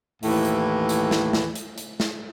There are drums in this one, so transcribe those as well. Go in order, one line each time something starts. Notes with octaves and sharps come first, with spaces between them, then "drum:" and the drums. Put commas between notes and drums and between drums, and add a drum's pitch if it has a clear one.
D#2 A2 E3, drum: open hi-hat
drum: hi-hat
drum: hi-hat
drum: snare
drum: snare
drum: hi-hat
drum: hi-hat
drum: snare